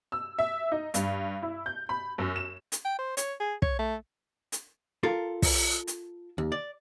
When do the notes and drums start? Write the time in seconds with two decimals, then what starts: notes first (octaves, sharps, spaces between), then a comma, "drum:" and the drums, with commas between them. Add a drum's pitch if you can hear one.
0.12 E6
0.39 E5
0.72 D#4
0.94 G2, drum: hi-hat
1.43 E4
1.66 G6
1.89 B5
2.18 F#2
2.36 E7
2.72 drum: hi-hat
2.85 G5
2.99 C5
3.17 C#5, drum: hi-hat
3.40 G#4
3.62 C#5, drum: kick
3.79 A3
4.52 drum: hi-hat
5.03 F4 A4 A#4
5.42 drum: kick, open hi-hat
5.87 drum: hi-hat
6.38 D#2
6.52 D5